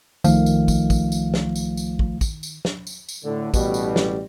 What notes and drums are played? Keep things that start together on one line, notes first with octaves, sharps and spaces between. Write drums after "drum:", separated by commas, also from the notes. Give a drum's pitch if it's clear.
C2 D#3 F3 A3 F5, drum: tambourine
drum: tambourine
drum: kick, tambourine
drum: kick, tambourine
drum: tambourine
drum: snare
drum: tambourine
drum: tambourine
drum: kick
drum: kick, tambourine
drum: tambourine
drum: snare
drum: tambourine
drum: tambourine
A2 D3
A1 B2 G3, drum: kick, tambourine
drum: tambourine
drum: snare